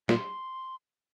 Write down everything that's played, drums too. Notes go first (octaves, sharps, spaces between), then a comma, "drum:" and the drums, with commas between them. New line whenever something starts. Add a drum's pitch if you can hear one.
A#2 C6, drum: snare